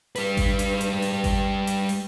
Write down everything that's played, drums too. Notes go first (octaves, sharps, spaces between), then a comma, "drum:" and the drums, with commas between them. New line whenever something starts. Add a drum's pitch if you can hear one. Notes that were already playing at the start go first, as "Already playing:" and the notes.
G3 B4, drum: open hi-hat
drum: kick G#1, open hi-hat
drum: hi-hat
drum: hi-hat
drum: open hi-hat
drum: kick G#1, open hi-hat
drum: hi-hat
drum: open hi-hat